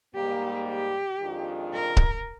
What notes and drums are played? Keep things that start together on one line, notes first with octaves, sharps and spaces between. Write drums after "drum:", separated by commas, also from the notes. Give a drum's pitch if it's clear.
G#2 G3 A#3 G4
G4
F2 D#3 G#3 D4 F4
A#4
drum: kick C#1